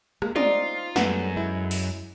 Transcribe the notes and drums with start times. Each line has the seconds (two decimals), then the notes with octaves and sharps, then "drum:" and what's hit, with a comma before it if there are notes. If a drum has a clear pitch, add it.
0.22 G#3 A#3, drum: rim click
0.36 C4 D#4 F4 D5, drum: tom
0.96 F#2 G3 A3 B3, drum: snare
1.37 G#3 E4
1.71 drum: open hi-hat